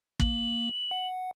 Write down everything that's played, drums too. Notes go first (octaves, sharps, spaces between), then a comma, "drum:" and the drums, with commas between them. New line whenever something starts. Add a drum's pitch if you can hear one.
A#3 F#7, drum: kick
F#5